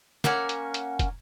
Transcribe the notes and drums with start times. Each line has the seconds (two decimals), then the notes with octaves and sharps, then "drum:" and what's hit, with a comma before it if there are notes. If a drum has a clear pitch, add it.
0.24 A#3 C#4 F#5 G#5, drum: snare
0.49 drum: hi-hat
0.74 drum: hi-hat
0.99 drum: kick, hi-hat